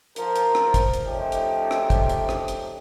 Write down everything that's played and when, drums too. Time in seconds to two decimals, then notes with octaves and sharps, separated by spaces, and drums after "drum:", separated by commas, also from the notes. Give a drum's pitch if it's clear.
0.16 F3 A#4, drum: hi-hat
0.36 drum: hi-hat
0.55 drum: rim click
0.74 drum: kick, hi-hat
0.94 drum: hi-hat
1.06 F3 A3 C#4 D#4 G4
1.32 drum: hi-hat
1.71 drum: rim click
1.90 drum: kick, hi-hat
2.09 drum: hi-hat
2.29 drum: rim click
2.48 drum: hi-hat